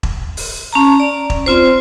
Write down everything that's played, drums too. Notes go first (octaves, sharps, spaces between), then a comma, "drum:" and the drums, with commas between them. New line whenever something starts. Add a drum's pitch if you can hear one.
drum: kick E1
drum: open hi-hat
C#4 A5 A#5
D5
drum: kick E1
C4 F4 C5